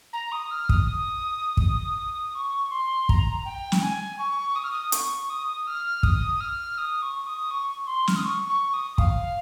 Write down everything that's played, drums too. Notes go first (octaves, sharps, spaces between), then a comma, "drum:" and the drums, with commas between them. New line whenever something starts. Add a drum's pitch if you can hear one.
A#5
D#6
F6
D#6, drum: kick
drum: kick
C#6
C6
A#5, drum: kick
G5
drum: snare
G#5
C#6
D#6
F6
D#6
C#6, drum: hi-hat
D#6
F6
D#6, drum: kick
F6
D#6
C#6
D#6
C#6
C6
F6, drum: snare
D#6
C#6
C#6
D#6
F5, drum: kick